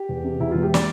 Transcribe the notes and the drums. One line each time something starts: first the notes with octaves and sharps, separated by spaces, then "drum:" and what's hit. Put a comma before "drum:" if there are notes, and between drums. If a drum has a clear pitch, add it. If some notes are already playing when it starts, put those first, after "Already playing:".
Already playing: G4
E2
C3
E2 E4
E1 F4
G4
D5, drum: snare